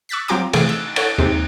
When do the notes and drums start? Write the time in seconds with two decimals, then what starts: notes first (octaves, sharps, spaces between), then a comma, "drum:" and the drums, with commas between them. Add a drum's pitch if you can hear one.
0.09 C#6 E6 F#6 A6 B6
0.28 F#3 C4 F4 G5 A#5 D6
0.53 C3 E3 A3 G#4 C#5 F5, drum: cymbal
0.69 E6 E7
0.96 E4 A4 C#5 F#5, drum: cymbal
1.18 D#2 G#2 C3 D#4